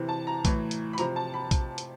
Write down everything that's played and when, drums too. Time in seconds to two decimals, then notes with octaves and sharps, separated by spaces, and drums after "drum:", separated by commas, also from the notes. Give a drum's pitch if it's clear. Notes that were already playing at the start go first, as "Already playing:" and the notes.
Already playing: C3 E3
0.09 A5
0.27 A#5
0.45 A2 E3, drum: kick A#1, hi-hat
0.71 drum: hi-hat
0.93 B5
0.98 C3 F3 A#5, drum: hi-hat
1.16 A5
1.34 B5
1.51 drum: kick A#1, hi-hat
1.78 drum: hi-hat